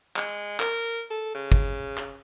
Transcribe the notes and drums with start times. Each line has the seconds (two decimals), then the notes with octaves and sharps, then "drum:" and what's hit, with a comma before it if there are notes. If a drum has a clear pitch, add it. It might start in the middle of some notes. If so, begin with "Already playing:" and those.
0.16 G#3, drum: clap
0.60 A#4, drum: clap
1.11 A4
1.35 C#3
1.52 drum: kick
1.98 drum: clap